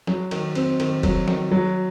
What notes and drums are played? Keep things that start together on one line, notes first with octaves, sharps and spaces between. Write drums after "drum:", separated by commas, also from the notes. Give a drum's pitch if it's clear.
F#3, drum: snare
D#3, drum: cymbal
C4, drum: cymbal
D#3, drum: cymbal
F#3, drum: kick F1, cymbal
D#3, drum: snare
F#3